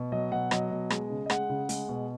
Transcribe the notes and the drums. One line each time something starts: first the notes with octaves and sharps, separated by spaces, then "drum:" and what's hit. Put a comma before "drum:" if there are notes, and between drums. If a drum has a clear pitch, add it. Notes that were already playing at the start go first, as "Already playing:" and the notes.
Already playing: B2
F#3 D#5
B2 F#5
F#3 D#5, drum: rim click
B2
G#3, drum: rim click
C#3
D#5
G#3 F#5, drum: rim click
C#3
G#3, drum: hi-hat
B2